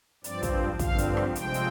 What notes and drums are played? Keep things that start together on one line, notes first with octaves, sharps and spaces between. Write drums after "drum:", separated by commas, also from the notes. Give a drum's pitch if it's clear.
G2 F3 C4 D5, drum: hi-hat
drum: kick, hi-hat
G2 D3 F3 C4 F5, drum: kick, hi-hat
drum: hi-hat
drum: rim click
C3 F3 G#3 C4 G5, drum: hi-hat
drum: hi-hat